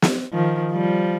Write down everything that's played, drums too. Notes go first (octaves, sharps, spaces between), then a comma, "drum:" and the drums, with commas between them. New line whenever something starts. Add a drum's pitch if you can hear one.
drum: snare
D#3 F3
F3 G3